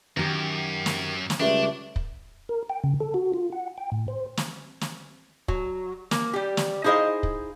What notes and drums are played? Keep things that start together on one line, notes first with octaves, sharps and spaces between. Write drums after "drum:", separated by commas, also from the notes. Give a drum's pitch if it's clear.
F#2 D#3 G4
drum: snare
drum: snare
C#2 G3 A3 D4
drum: kick
A#4
G5
C#3
A4
F#4
F4
F#5
G5
A2
C5
drum: snare
drum: snare
F#3, drum: kick
A#3, drum: snare
G3 G4
drum: snare
D#4 E4 G#4 C5 D#5 F5
drum: kick